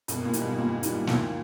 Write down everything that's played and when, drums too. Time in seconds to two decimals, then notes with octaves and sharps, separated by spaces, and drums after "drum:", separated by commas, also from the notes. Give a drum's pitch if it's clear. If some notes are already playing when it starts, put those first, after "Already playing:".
0.08 G#1 B2, drum: hi-hat
0.25 A#2
0.33 G#2 E3 G3, drum: hi-hat
0.42 B2
0.58 G#1 A#2
0.83 G#2 E3 G3, drum: hi-hat
1.07 D#2 A#2, drum: snare